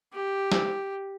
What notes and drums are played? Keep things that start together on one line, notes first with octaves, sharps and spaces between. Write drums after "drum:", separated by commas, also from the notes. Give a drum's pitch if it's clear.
G4
drum: snare